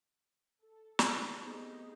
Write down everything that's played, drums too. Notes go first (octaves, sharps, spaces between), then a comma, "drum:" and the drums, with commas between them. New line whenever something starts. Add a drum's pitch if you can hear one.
A4
drum: snare
A3 B3 C4 D#4 G4 G#4